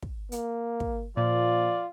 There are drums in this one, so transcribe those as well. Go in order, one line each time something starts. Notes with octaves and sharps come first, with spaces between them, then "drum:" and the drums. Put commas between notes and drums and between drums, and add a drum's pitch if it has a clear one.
drum: kick
A#3, drum: hi-hat
drum: kick
A#2 F3 F4 D5